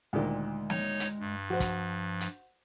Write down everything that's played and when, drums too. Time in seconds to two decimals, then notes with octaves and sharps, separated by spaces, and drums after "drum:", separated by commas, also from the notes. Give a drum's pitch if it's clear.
0.13 D2 A#2 D#3 G#3
0.70 D#4 C#5, drum: snare
1.00 drum: hi-hat
1.19 G2
1.50 F3 F#4 C5
1.60 drum: kick, hi-hat
2.20 drum: hi-hat